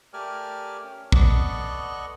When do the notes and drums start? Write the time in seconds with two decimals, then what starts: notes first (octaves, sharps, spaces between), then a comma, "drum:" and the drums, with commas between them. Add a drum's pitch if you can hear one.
0.13 A3 G4 A#4 D5 G#5 F6
0.84 C#4
1.12 B3 A4 D5 D#5 C#6 F#6, drum: kick